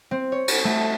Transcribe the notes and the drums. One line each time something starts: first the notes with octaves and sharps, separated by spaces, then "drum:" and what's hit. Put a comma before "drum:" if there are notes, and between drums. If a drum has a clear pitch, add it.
C4
C#5
drum: cymbal
A3